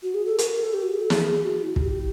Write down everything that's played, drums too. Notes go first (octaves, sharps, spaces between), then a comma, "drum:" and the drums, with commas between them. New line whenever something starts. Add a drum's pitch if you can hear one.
F#4
G#4
A4
A#4, drum: hi-hat
A#4
A4
G4
F#4
G#4
A4
G#4, drum: snare
F#4
E4
F#4, drum: kick
G4